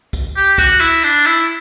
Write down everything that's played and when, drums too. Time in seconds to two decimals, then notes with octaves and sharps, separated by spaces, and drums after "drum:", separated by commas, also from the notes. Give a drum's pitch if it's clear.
0.13 drum: kick, tambourine
0.36 G4
0.58 F#4, drum: kick, tambourine
0.81 E4
1.04 D4, drum: tambourine
1.26 E4